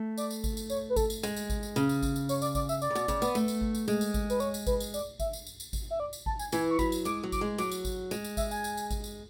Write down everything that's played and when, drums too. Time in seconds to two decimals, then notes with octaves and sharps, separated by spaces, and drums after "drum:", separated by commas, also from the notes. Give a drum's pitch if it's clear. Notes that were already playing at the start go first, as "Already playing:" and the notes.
Already playing: A3
0.17 D5, drum: tambourine
0.31 drum: tambourine
0.44 drum: kick G#1, tambourine
0.57 drum: tambourine
0.70 C#5, drum: tambourine
0.90 B4
0.96 A4, drum: kick G#1, tambourine
1.10 drum: tambourine
1.23 G#3, drum: tambourine
1.36 drum: tambourine
1.50 drum: kick G#1, tambourine
1.63 drum: tambourine
1.76 C#3, drum: tambourine
1.89 drum: tambourine
2.03 drum: kick G#1, tambourine
2.16 drum: tambourine
2.29 C#5, drum: tambourine
2.42 D5, drum: tambourine
2.55 D5, drum: kick G#1, tambourine
2.69 E5, drum: tambourine
2.82 D5, drum: tambourine
2.90 C#3
2.95 B2, drum: tambourine
3.08 C#3, drum: kick G#1, tambourine
3.22 B3, drum: tambourine
3.35 A3, drum: tambourine
3.48 drum: tambourine
3.61 drum: kick G#1
3.75 drum: tambourine
3.88 G#3, drum: tambourine
4.01 drum: tambourine
4.14 drum: kick G#1, tambourine
4.30 B4, drum: tambourine
4.40 C#5, drum: tambourine
4.54 drum: tambourine
4.67 B4, drum: kick G#1, tambourine
4.80 drum: tambourine
4.94 D5, drum: tambourine
5.20 E5, drum: kick G#1, tambourine
5.33 drum: tambourine
5.47 drum: tambourine
5.60 drum: tambourine
5.73 drum: kick G#1, tambourine
5.90 E5
6.00 D5
6.13 drum: tambourine
6.26 A5, drum: kick G#1
6.39 G#5, drum: tambourine
6.52 E3 G#5, drum: tambourine
6.71 C#6
6.79 F#3 B5, drum: kick G#1, tambourine
6.92 drum: tambourine
7.05 G#3 D6, drum: tambourine
7.23 F#3
7.32 D6, drum: kick G#1, tambourine
7.41 G#3
7.58 F#3 D6, drum: tambourine
7.72 drum: tambourine
7.85 drum: kick G#1, tambourine
8.11 G#3, drum: tambourine
8.24 drum: tambourine
8.37 E5, drum: kick G#1, tambourine
8.51 G#5, drum: tambourine
8.64 drum: tambourine
8.77 drum: tambourine
8.91 drum: kick G#1, tambourine
9.04 drum: tambourine